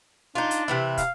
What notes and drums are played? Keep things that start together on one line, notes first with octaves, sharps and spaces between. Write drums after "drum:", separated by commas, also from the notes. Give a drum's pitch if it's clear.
D4 D#4 F4
drum: hi-hat
C3 E3 E4
F5, drum: kick, hi-hat